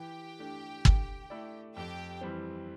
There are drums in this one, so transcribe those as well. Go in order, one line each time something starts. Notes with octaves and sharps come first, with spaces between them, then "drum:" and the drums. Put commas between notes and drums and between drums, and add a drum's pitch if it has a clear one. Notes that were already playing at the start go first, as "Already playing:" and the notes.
Already playing: E3 G4 G5
A3 D4
D3, drum: kick
A3 E4 A4 D5
F2 G4 G5
E3 G3 C4